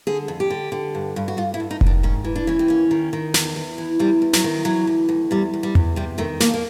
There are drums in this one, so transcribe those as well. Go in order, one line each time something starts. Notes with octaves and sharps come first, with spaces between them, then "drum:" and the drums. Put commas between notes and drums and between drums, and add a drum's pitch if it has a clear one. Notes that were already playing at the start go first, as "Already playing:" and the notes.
D3 G#4
F2
G4
D3
D3
G2
G2
F#4
G2 F4
E4
G2
D#4
D#3, drum: kick F1
D4
G#2 C#4
E3
D4
E3 C#4
C4
D#2 C#4
D#3
D#3
E2, drum: snare
E2
E3
E2 G3
E2
F#3, drum: snare
D#3
E3 F#3
D2
D2
E2 G3
E2
G3
E2, drum: tom E2
C3 G3
D#3 A3
F2 A#3, drum: snare
A#3